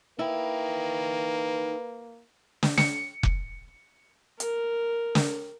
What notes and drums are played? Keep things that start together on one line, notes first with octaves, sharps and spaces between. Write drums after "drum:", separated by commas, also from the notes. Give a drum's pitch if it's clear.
A#3 D#4 E4 B4 G5
drum: snare
C#7, drum: snare
drum: kick F1
A#4, drum: hi-hat
drum: snare